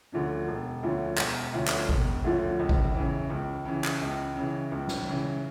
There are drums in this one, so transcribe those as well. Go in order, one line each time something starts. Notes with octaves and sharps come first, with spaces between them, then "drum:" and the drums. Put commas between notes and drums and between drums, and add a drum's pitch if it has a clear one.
D2 D3 F3 C#4
E1
D2 D3 F3 C#4
E1, drum: clap
D2 D3 F3 C#4
drum: clap
E1, drum: kick G#1
D2 D3 F3 C#4
C#2
drum: kick G#1
C#3 E3
C#2
C#3 E3
drum: clap
C#2
C#3 E3
C#2
drum: snare
C#3 E3